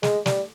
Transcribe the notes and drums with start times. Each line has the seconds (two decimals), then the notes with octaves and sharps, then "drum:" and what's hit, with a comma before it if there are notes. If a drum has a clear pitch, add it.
0.03 G#3, drum: snare
0.26 G3, drum: snare